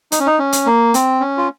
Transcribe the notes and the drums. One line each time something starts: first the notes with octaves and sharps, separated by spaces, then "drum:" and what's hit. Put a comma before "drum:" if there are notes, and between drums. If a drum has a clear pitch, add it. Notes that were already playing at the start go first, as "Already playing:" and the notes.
D#4, drum: hi-hat
C#4
D#4
C#4
drum: hi-hat
A#3
C4, drum: hi-hat
C#4
F4